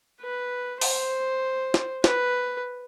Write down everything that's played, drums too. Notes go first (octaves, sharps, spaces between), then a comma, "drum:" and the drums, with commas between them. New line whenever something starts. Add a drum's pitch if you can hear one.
B4
C5, drum: open hi-hat
drum: snare
B4, drum: snare